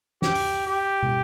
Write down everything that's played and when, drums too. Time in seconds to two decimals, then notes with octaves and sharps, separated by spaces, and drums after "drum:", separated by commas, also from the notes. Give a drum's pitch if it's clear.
0.22 G4, drum: snare
0.35 drum: open hi-hat
0.67 G4
1.03 drum: tom